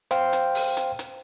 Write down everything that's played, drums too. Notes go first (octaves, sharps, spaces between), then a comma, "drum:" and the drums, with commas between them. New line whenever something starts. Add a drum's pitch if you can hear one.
C5 F5 G5, drum: hi-hat
drum: hi-hat
drum: open hi-hat
drum: hi-hat
drum: hi-hat